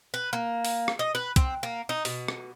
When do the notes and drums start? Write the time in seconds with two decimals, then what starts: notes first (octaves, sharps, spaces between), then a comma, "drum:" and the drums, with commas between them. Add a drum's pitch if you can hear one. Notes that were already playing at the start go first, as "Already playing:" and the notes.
0.14 B4
0.33 A#3
0.65 drum: open hi-hat
0.88 drum: rim click
0.99 D#5
1.15 B4
1.36 C4, drum: kick, hi-hat
1.63 A#3
1.89 D#4
2.05 B2, drum: open hi-hat
2.28 drum: rim click